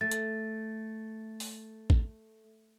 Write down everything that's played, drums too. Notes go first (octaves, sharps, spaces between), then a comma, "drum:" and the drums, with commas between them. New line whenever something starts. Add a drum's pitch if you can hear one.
A3 A6
drum: hi-hat
drum: open hi-hat
drum: kick A1